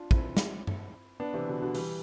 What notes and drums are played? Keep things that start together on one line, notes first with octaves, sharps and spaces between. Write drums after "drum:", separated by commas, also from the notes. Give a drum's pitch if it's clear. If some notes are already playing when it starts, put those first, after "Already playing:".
Already playing: D4 F4
C4 E4, drum: kick
drum: snare
drum: tom G2
B3 D4
C3 E3
B2 D3
B2 D3
E3 G3, drum: open hi-hat